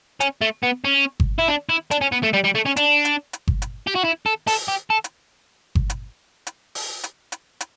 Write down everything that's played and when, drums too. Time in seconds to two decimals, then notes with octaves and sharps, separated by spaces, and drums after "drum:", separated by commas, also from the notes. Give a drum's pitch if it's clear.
0.20 C#4, drum: hi-hat
0.41 A3
0.63 B3
0.84 C#4
1.20 drum: kick G1
1.39 E4
1.48 D4
1.69 E4
1.91 D4, drum: hi-hat
2.01 C#4
2.12 B3
2.23 A3
2.33 G3
2.44 G3
2.55 A3
2.65 C#4
2.76 D4, drum: hi-hat
3.05 drum: hi-hat
3.33 drum: hi-hat
3.48 drum: kick G1
3.62 drum: hi-hat
3.87 G4
3.95 F#4
4.05 E4
4.26 A4
4.47 A4, drum: open hi-hat
4.68 G4
4.90 A4
5.04 drum: hi-hat
5.75 drum: kick G1
5.90 drum: hi-hat
6.47 drum: hi-hat
6.75 drum: open hi-hat
7.04 drum: hi-hat
7.32 drum: hi-hat
7.61 drum: hi-hat